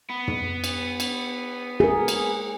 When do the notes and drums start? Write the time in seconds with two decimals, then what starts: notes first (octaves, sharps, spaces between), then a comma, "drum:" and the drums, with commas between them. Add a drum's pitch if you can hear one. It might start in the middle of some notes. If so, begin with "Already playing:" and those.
0.10 B3
0.28 drum: tom
0.64 drum: cymbal
1.00 drum: cymbal
1.80 G#4 A#4
2.08 drum: cymbal